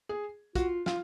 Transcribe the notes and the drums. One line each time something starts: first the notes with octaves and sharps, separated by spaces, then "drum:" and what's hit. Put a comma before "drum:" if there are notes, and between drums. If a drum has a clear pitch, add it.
G#4
F4 F#4, drum: kick, hi-hat
F4, drum: snare